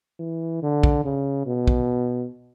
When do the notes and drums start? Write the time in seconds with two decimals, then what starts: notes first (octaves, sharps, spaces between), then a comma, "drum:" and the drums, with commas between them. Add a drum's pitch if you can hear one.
0.20 E3
0.63 D3
0.83 drum: kick
1.05 C#3
1.46 B2
1.67 drum: kick